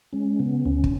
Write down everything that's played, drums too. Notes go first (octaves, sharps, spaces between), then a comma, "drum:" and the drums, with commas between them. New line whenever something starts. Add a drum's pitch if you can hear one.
G#3 C#4
C#3 B3
D2 C#4
drum: kick